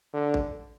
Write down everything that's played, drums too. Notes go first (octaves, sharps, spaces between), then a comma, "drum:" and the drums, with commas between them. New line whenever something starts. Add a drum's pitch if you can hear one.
D3
drum: kick A1